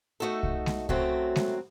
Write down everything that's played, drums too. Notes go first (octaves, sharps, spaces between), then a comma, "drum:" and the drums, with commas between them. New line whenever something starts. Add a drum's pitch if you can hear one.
A3 D#4 F#4 A4 E5
drum: kick C2
drum: snare G#3
F#2 F#3 A3 C4 F#4, drum: kick C2
drum: snare G#3